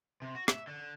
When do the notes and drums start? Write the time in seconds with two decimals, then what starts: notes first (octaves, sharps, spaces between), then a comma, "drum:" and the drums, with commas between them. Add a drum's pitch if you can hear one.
0.22 C3
0.35 F#4
0.48 E5, drum: rim click
0.68 D3